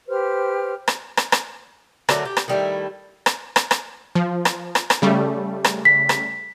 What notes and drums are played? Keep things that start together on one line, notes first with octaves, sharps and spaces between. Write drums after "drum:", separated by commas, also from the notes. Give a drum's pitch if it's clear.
G4 B4 C5 F6
drum: rim click
drum: rim click
drum: rim click
D3 F#3 A3 A#4, drum: rim click
G4
drum: rim click
D#3 G3 A3 E4
drum: rim click
drum: rim click
drum: rim click
F3
drum: rim click
drum: rim click
drum: rim click
C#3 G3 A3
drum: rim click
B6
drum: rim click